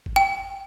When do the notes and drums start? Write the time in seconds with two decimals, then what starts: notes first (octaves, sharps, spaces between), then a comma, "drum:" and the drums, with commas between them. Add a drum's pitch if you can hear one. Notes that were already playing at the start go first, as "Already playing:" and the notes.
0.06 drum: kick
0.16 G5